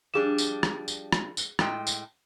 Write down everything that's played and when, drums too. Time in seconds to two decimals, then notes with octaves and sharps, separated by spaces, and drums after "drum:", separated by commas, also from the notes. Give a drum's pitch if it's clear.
0.14 F3 G3 D4 G#4 E7
0.38 drum: tambourine
0.63 drum: rim click
0.88 drum: tambourine
1.13 drum: rim click
1.37 drum: tambourine
1.59 A2 G#3 G5, drum: rim click
1.87 drum: tambourine